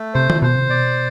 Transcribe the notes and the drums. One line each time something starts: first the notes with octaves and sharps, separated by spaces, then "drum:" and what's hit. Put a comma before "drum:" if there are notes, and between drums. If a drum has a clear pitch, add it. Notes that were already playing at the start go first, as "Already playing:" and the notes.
Already playing: A3
C3 C5
drum: tom D#3
B2 C5
C3
B2 D5